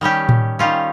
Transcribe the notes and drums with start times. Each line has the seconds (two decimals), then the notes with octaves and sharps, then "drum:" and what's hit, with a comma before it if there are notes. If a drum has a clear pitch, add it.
0.01 D#3 G3 C#4 G4
0.29 drum: tom A2
0.59 D#3 G3 C#4 F4